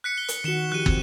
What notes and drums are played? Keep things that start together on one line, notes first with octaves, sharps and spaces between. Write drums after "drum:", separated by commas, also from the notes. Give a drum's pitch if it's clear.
F#6 B6 C#7
G7
drum: hi-hat
D#3 F#4 C#7 E7 G7
F3 F#4 G4 F#6 D#7
C4, drum: kick